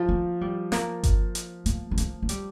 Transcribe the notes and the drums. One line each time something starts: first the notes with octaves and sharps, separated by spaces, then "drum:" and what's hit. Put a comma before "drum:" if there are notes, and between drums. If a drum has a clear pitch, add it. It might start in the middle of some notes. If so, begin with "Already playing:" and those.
Already playing: F3
A#3
G3
A#3, drum: snare
drum: kick G1, hi-hat
drum: hi-hat
A#3, drum: hi-hat
C4
A#3, drum: hi-hat
A#3
G3, drum: hi-hat